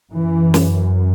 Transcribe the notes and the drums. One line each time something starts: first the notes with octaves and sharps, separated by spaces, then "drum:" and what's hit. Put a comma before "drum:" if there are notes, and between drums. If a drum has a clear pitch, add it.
F#2 E3
drum: snare